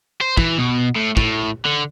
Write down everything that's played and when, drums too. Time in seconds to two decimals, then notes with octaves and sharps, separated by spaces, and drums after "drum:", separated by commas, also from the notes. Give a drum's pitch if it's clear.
0.21 C5
0.37 E3, drum: kick
0.58 B2
0.96 A2
1.17 A2, drum: kick
1.66 D3